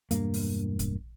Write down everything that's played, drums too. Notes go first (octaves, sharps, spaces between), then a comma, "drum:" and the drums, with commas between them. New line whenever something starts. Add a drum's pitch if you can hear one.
E1 G2 A#3, drum: hi-hat
drum: open hi-hat
drum: kick A#1, hi-hat